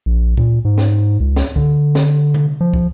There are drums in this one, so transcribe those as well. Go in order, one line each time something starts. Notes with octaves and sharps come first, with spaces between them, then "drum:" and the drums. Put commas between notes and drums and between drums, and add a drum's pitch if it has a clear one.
A#1
A#2, drum: kick
G#2
drum: snare
C#2
drum: snare
D3, drum: kick
drum: snare
drum: tom C3
F3
drum: kick